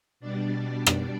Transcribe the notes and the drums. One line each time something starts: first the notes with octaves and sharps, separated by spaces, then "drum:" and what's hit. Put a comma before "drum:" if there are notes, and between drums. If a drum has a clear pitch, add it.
B2 G3 D4 D5
drum: rim click